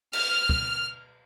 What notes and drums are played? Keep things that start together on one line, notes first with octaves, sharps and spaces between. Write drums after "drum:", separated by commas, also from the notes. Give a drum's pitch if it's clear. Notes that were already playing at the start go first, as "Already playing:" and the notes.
F6, drum: cymbal
drum: kick